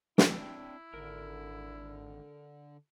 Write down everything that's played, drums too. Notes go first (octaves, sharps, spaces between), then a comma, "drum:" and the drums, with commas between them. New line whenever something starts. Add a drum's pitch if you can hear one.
C4 D4 E4 G5, drum: snare
G#1 D3 A#4